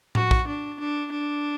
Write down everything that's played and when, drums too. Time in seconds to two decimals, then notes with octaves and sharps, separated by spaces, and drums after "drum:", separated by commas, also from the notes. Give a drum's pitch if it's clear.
0.15 F#4, drum: tom A2
0.31 drum: kick
0.47 D4
0.80 D4
1.11 D4